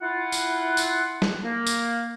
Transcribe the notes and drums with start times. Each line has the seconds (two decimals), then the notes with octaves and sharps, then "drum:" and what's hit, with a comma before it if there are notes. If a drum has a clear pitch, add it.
0.02 E4 F4 F#5
0.32 drum: tambourine
0.77 drum: tambourine
1.22 drum: snare
1.44 A#3
1.67 drum: tambourine